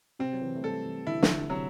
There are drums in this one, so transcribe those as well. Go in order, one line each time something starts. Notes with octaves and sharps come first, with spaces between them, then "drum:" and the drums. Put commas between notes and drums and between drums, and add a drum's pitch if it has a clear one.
C3 C4
F#3
E3
A3
G3 A4
E3
D3 E4
E3
D3, drum: snare
C3 F#3